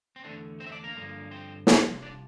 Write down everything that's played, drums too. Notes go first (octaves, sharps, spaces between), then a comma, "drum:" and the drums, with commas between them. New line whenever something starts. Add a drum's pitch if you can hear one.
C4
E2 D3 A3 D4
C4 C5
E5
D4 D5
A#3 A#4
G2 D3 F3 A#3
C4 C5
C2 C3 F3 A#3, drum: snare
D4 D5